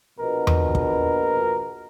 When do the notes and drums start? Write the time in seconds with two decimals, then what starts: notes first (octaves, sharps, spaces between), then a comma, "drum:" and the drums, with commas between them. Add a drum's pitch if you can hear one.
0.19 A#1 B2 A#4
0.47 drum: tom E2
0.75 drum: kick